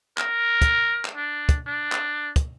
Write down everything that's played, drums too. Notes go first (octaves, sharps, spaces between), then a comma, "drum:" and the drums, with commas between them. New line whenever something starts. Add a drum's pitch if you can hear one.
A#4, drum: clap
drum: kick, hi-hat
drum: clap
D4
drum: kick, hi-hat
D4
drum: clap
drum: kick, hi-hat